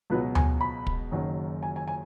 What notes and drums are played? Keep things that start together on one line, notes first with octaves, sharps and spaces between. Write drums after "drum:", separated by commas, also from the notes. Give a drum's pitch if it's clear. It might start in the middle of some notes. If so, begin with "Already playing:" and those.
C#2 B2 F#3 B4
G#5, drum: tom D2
B5
drum: kick
F#1 F#2 D#3 F#3
G#5
G#5
G#5